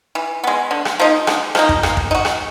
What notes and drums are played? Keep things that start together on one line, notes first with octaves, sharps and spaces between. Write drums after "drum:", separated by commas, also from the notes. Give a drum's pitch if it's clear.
E3
G#3 B3
D3
drum: rim click
F3 A#3 D#4
D3, drum: rim click
F3 A#3 D#4, drum: rim click
drum: kick
A#3, drum: rim click
drum: kick
D#4
F#4
drum: rim click